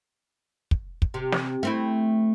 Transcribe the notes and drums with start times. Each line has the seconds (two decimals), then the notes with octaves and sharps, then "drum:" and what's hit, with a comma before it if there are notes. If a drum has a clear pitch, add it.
0.71 drum: kick
1.02 drum: kick
1.14 C3
1.32 drum: snare
1.63 A3 C4 E4